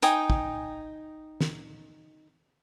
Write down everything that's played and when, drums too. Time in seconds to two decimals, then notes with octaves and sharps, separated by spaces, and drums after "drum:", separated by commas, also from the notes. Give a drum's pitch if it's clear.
0.02 D#4 G5 G#5 D#6, drum: hi-hat
0.30 drum: kick
1.41 drum: snare